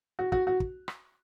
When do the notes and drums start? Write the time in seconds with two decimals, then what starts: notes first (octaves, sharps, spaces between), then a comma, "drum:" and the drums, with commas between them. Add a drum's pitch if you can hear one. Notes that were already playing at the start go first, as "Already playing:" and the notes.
0.19 F#4
0.32 F#4, drum: kick
0.47 F#4
0.60 drum: kick
0.88 drum: rim click